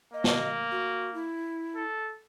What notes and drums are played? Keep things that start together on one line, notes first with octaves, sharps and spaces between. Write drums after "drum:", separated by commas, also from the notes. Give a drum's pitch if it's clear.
A#3 D#5
drum: snare
F#4
E4
A4